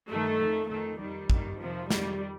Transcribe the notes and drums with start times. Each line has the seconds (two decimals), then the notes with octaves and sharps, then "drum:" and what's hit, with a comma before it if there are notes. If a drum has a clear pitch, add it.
0.10 G2 D#3 A3
0.40 F2 D#3
0.70 F2 D#3 A3
0.99 F2 D#3 G3
1.30 G2 D#3, drum: kick A1
1.60 F2 C3 D#3 F3
1.90 F2 C3 D#3 G3, drum: snare